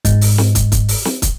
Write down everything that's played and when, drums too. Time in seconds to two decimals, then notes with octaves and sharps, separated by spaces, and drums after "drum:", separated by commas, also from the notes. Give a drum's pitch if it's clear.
0.05 G#2, drum: kick, hi-hat
0.21 drum: open hi-hat
0.38 drum: snare
0.55 drum: kick, hi-hat
0.72 drum: kick, hi-hat
0.89 drum: open hi-hat
1.05 drum: snare
1.22 drum: kick, hi-hat